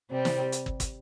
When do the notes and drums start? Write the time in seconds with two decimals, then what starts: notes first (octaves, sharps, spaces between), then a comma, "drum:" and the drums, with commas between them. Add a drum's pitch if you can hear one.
0.11 C3 G3 C4
0.25 drum: snare
0.52 drum: hi-hat
0.66 drum: kick
0.80 drum: kick, hi-hat